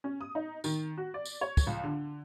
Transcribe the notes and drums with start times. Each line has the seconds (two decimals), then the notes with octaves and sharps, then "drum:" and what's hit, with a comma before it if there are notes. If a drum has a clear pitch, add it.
0.04 C#4
0.21 D#6
0.35 D#4
0.64 D#3, drum: tambourine
0.97 F#4
1.14 D5
1.26 drum: tambourine
1.41 C#5
1.57 drum: kick, tambourine
1.67 C#2
1.83 D3